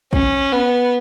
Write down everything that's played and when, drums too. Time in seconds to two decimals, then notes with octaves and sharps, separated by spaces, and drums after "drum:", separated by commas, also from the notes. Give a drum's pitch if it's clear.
0.13 C#4, drum: kick A1
0.52 B3